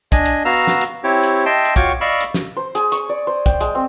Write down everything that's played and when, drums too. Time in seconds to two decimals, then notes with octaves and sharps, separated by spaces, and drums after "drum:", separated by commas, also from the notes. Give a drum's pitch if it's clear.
0.12 D4 D#5 G#5, drum: kick, hi-hat
0.26 drum: hi-hat
0.45 B3 F#4 F5 A#5 E6
0.67 drum: snare
0.81 drum: hi-hat
1.04 C4 E4 G4 C#5
1.23 drum: hi-hat
1.46 D#5 E5 G5 A5 C6
1.65 drum: hi-hat
1.76 F4 F#4 C#5 G5 C#6 D6, drum: kick, hi-hat
2.01 D5 D#5 F5 B5 C#6 E6
2.21 drum: hi-hat
2.34 drum: snare
2.57 C5
2.75 G#4, drum: hi-hat
2.92 C#6, drum: hi-hat
3.09 D5
3.27 C5
3.46 G5, drum: kick, hi-hat
3.60 G#3, drum: hi-hat
3.75 C4